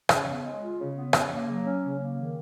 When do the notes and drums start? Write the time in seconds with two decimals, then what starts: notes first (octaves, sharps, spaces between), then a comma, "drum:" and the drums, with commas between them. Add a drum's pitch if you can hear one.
0.09 C#3, drum: rim click
0.26 B3
0.44 G#3
0.61 F4
0.79 C#3
0.95 B3
1.13 C#3, drum: rim click
1.30 A#3
1.48 F#3
1.64 C#4
1.82 C#3
1.99 A#3
2.17 D#3